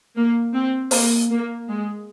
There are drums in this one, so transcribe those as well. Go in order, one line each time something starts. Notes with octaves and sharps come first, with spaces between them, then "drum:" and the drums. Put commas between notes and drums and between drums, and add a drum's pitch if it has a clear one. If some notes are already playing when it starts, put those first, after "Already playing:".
A#3
C4
A#3, drum: open hi-hat
A#3
G#3